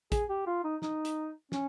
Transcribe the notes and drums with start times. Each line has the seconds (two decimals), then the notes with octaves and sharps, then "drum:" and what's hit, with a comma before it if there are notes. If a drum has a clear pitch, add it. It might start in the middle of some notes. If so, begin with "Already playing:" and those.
0.12 G#4, drum: kick, hi-hat
0.29 G4
0.47 F4
0.64 D#4
0.82 D#4, drum: snare
1.05 drum: hi-hat
1.52 C#4, drum: snare